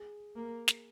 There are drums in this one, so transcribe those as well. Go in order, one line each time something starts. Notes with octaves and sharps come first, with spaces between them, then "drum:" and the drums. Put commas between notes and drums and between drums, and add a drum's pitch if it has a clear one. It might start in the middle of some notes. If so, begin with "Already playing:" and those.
Already playing: G#4
A#3
drum: snare